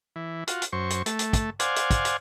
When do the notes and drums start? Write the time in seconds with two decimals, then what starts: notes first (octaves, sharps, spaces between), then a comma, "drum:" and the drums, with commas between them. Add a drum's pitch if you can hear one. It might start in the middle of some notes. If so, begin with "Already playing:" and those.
0.16 E3
0.47 F4 F#4, drum: hi-hat
0.62 drum: hi-hat
0.72 F#2 C5 C#6
0.90 drum: hi-hat
1.06 A3, drum: hi-hat
1.19 drum: hi-hat
1.33 drum: kick, hi-hat
1.60 C5 D5 F5 F#5 G#5, drum: hi-hat
1.76 drum: hi-hat
1.91 drum: kick, hi-hat
2.05 drum: hi-hat